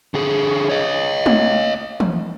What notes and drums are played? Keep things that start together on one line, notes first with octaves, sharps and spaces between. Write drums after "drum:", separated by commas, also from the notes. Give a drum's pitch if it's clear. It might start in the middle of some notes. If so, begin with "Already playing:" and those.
D3 G#4
C#5 D#5
drum: tom
drum: tom E3